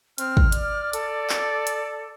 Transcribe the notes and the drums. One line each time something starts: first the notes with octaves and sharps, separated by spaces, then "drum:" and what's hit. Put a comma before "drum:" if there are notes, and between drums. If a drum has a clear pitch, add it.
C4 F6, drum: hi-hat
drum: kick
D5, drum: hi-hat
A4, drum: hi-hat
drum: clap
drum: hi-hat